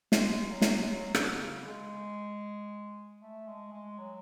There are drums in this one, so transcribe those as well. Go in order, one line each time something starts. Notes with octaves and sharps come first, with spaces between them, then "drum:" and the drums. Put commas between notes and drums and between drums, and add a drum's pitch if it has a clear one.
G#3, drum: snare
F#3
drum: snare
G#3
F#3
D3, drum: rim click
C#3
G#3
A3
G#3
G#3
F#3